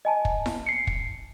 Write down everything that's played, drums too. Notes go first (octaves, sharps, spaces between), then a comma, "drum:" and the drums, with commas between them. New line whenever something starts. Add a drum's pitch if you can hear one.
D#5 G#5 A5
drum: kick
drum: snare E4
C7 C#7
drum: kick